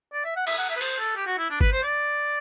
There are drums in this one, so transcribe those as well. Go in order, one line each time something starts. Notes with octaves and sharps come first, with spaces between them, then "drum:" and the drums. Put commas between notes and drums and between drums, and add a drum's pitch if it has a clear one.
D5
E5
F#5
E5, drum: cymbal
F#5
E5
B4
C5, drum: open hi-hat
A4
G4
F#4
E4
D4
B4, drum: kick G#1
C5
D5